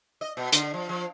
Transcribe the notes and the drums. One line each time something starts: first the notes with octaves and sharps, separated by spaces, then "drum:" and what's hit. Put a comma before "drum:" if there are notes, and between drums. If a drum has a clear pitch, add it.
D#5
B2
D3, drum: hi-hat
F3
F3